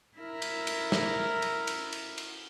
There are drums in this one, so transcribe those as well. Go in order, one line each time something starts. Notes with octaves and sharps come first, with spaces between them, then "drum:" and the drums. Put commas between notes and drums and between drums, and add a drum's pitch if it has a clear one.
E4 A#4
drum: cymbal
drum: cymbal
drum: snare
drum: cymbal
drum: cymbal
drum: cymbal
drum: cymbal